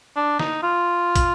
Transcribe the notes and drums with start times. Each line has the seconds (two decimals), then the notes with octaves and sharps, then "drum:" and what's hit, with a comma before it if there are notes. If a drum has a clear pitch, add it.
0.16 D4
0.39 D#4, drum: snare
0.63 F4
1.16 drum: kick, hi-hat